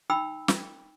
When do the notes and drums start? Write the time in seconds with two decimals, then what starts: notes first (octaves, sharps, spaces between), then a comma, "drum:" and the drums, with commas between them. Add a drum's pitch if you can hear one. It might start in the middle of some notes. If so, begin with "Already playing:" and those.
0.10 D#4 G5 B5 E6
0.48 drum: snare